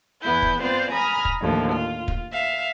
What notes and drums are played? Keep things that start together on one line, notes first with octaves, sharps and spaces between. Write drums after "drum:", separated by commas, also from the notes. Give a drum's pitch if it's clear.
E2 E3 B3 E4 G6
drum: kick
B3 C4 F4 C5 D5
G#5 A#5 B5 D#6 F6
drum: kick
D#2 A2 D3 F3
F4
drum: kick
E5 F5